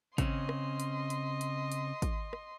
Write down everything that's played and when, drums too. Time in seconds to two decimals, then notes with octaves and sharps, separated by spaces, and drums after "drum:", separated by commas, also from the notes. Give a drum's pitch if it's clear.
0.18 C#3 C4 C#4 D#5 C6, drum: kick, hi-hat
0.49 drum: rim click
0.80 drum: hi-hat
1.10 drum: hi-hat
1.41 drum: hi-hat
1.72 drum: hi-hat
2.02 drum: kick, hi-hat
2.33 drum: rim click